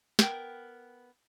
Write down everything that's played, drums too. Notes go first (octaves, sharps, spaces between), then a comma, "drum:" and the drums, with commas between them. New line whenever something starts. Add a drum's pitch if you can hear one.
B3 A#4 G5, drum: snare